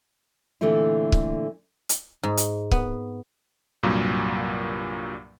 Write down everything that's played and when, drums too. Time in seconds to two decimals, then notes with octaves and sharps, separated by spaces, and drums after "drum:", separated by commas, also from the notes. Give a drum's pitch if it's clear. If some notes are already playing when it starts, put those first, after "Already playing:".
0.61 A#2 D3 E3 A3 C4 E4
1.12 drum: kick C#1
1.89 drum: hi-hat
2.23 G#2
2.37 drum: hi-hat
2.71 B3, drum: kick C#1
3.83 C2 G2 A#2 F#3 A#3